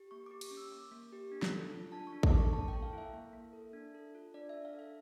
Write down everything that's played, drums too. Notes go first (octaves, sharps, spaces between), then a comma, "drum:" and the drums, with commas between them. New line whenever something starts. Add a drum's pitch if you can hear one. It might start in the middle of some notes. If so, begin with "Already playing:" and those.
Already playing: G4
A#3 C#6
G4 D6
D6, drum: cymbal
C#4
E6
A#3 D6
A#3
G4
D4
drum: snare
A4
F4
D4 A5
C#6
D4
D6, drum: kick A1
A4 C#6
A#3 A5
A4 G5
F5
E4 E5
A#3
A#3
A4
D4
A4
F4
D4 D5
D4 E5
F5
A4 E5